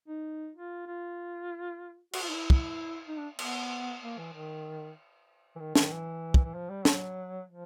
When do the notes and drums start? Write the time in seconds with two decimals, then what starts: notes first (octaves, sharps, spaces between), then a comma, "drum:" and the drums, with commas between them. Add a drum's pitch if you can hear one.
0.08 D#4
0.56 F4
0.87 F4
2.13 F#4, drum: cymbal
2.23 F4
2.29 D#4
2.34 E4
2.50 drum: kick
3.07 D#4
3.19 D4
3.39 B3, drum: cymbal
4.02 A#3
4.18 E3
4.33 D#3
5.56 E3
5.60 D#3
5.75 D#3, drum: snare
5.91 E3
6.34 drum: kick
6.45 E3
6.55 F3
6.69 G3
6.85 F#3, drum: snare
7.49 F3